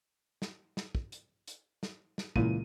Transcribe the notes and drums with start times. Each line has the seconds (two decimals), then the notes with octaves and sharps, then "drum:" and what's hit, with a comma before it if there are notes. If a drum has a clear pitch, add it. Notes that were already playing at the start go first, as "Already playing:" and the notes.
0.42 drum: snare
0.77 drum: snare
0.95 drum: kick
1.12 drum: hi-hat
1.47 drum: hi-hat
1.83 drum: snare
2.18 drum: snare
2.36 C#2 A#2 E3 D#7, drum: kick